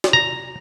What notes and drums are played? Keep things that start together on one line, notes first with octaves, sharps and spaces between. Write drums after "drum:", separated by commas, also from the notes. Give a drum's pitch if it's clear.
drum: snare
A#5